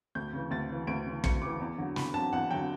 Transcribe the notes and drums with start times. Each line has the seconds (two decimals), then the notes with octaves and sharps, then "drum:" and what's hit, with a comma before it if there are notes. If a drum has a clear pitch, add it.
0.15 D2 G6
0.33 C#3 E3
0.51 D2 A6
0.69 C#3 E3
0.87 D2 D7
1.06 C#3 E3
1.24 D2 C#7, drum: kick
1.42 C#3 E3 D6
1.60 E2
1.78 D3 F#3
1.96 E2 B5, drum: snare
2.14 D3 F#3 A5
2.32 E2 F#5
2.51 D3 F#3 G5